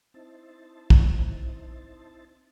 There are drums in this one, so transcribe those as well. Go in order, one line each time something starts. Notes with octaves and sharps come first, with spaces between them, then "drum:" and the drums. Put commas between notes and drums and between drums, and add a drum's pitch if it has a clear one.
C4 D#4 E4 C5 A5
drum: kick